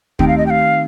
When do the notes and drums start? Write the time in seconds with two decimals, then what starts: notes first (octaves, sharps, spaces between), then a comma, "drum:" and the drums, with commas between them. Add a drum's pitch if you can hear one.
0.19 D#3 A3 C4 D#4 G4 G5, drum: kick
0.28 F5
0.38 D#5
0.46 G5
0.50 F5